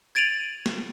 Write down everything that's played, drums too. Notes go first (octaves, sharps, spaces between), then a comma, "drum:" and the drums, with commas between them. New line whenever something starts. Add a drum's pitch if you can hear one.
G#6 A6 D7 D#7 F7 F#7
drum: snare